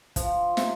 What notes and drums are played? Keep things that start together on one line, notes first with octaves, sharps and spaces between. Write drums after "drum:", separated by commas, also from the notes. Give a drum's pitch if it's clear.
F3, drum: kick, hi-hat
C3, drum: snare